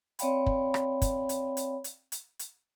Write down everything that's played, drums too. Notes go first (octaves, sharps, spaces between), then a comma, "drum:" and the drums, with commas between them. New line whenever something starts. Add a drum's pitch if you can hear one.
C4 C#5 D5 F5 G5 B5, drum: hi-hat
drum: kick
drum: rim click
drum: kick, hi-hat
drum: hi-hat
drum: hi-hat
drum: hi-hat
drum: hi-hat
drum: hi-hat